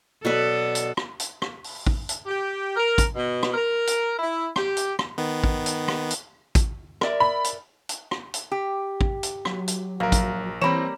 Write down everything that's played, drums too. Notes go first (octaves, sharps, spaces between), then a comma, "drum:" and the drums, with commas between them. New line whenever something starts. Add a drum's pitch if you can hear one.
B2 F#3 A4 B4 D5
drum: hi-hat
drum: rim click
drum: hi-hat
drum: rim click
drum: open hi-hat
drum: kick
drum: hi-hat
G4
A#4
drum: kick, hi-hat
B2
drum: rim click
A#4
drum: hi-hat
E4
G4, drum: rim click
drum: hi-hat
drum: rim click
D#3 B3
drum: kick
drum: hi-hat
drum: rim click
drum: hi-hat
drum: kick, hi-hat
A#4 D5 E5, drum: rim click
B5
drum: hi-hat
drum: hi-hat
drum: rim click
drum: hi-hat
G4
drum: kick
drum: hi-hat
F#3, drum: rim click
drum: hi-hat
A#1 F#3 A#3 A#4
drum: kick, hi-hat
E3 G3 A#3 C4 C#5 B5 E7